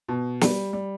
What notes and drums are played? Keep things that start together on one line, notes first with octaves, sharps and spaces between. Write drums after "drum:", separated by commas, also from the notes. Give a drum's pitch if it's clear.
B2
G3, drum: snare
G3